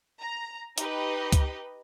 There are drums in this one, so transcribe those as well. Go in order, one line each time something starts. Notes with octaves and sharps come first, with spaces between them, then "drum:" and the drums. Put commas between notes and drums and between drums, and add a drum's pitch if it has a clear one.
A#5
D#4 G4 B4 D#5, drum: hi-hat
drum: kick C#2, hi-hat